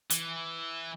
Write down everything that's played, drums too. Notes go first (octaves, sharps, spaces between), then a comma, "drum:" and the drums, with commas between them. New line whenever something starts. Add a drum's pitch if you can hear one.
E3, drum: hi-hat